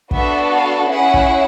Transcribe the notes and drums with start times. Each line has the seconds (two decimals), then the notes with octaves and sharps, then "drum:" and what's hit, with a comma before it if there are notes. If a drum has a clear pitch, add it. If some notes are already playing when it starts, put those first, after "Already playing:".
0.11 B3 D4 F#4 A4 E5, drum: kick
0.50 F5
0.88 C#4 E4 G#4 F#5
1.14 drum: kick